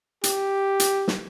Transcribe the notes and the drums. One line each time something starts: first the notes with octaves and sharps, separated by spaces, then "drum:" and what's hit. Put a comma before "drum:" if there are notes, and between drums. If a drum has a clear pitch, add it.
G4, drum: hi-hat
drum: hi-hat
drum: snare